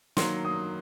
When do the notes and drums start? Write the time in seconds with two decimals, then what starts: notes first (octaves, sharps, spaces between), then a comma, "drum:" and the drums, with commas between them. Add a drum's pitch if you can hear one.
0.17 D#3 F#3 A#3 C6, drum: snare
0.45 D#6